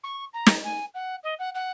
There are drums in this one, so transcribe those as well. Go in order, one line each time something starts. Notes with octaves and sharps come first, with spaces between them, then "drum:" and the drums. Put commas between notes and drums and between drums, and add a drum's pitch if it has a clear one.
C#6
A#5
drum: snare
G#5
F#5
D#5
F#5
F#5